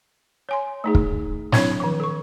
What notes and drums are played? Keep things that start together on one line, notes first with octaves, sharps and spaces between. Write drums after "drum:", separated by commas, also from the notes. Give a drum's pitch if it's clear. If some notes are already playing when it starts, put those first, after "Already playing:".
C#5 G#5 C6
A3 D#4 G#4
drum: kick
F#3 C4 D4 E4 C#5, drum: snare
D#3 F3
A4 C#6